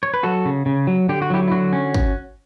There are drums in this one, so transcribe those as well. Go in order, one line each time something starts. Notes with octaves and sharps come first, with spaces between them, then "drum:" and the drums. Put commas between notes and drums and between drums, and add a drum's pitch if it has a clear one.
C#5
B4
F#3 F#4 A4
C#3
C#3
F#3
D3 G4
F#4
F#3 E4 G4
E4
D3 F#4
C#4
drum: kick